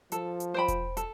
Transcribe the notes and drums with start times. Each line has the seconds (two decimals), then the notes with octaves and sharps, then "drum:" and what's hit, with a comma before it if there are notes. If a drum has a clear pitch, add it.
0.12 F3 A4, drum: hi-hat
0.40 drum: hi-hat
0.54 C5 G5 B5
0.68 drum: kick E1, hi-hat
0.97 A4, drum: hi-hat